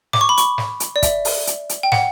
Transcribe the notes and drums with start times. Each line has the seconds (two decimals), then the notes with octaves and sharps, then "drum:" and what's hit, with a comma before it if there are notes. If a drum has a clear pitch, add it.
0.13 D6, drum: snare
0.21 C#6
0.29 B5
0.38 C#6, drum: hi-hat
0.58 drum: snare
0.80 drum: hi-hat
0.96 D5
1.03 E5, drum: kick, hi-hat
1.25 drum: open hi-hat
1.47 drum: hi-hat
1.69 drum: hi-hat
1.83 G5
1.92 F#5, drum: snare